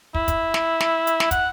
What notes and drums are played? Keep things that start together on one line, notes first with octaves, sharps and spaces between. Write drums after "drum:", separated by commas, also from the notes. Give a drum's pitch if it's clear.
E4, drum: kick
drum: kick, hi-hat
drum: snare
drum: snare
drum: hi-hat
drum: snare
F#5, drum: kick, hi-hat